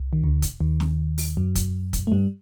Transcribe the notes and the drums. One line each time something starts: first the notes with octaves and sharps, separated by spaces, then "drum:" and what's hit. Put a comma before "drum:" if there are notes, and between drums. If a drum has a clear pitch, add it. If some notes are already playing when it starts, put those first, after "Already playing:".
Already playing: C2
D#3
D2 D3
drum: kick, hi-hat
D#2 D#3
drum: snare
drum: open hi-hat
F#2 F#3
drum: kick, hi-hat
drum: kick, hi-hat
A3
G2 G3